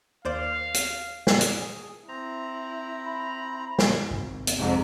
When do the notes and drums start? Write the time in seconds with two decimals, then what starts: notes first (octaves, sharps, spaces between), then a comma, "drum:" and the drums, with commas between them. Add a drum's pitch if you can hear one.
0.25 D#2 C5 D5 F5
0.74 drum: hi-hat
1.27 drum: snare
1.41 G#4, drum: hi-hat
2.08 C4 E4 A#5
3.05 B5
3.79 drum: snare
4.11 G#1 D#3
4.47 drum: hi-hat
4.58 F2 G#2 C3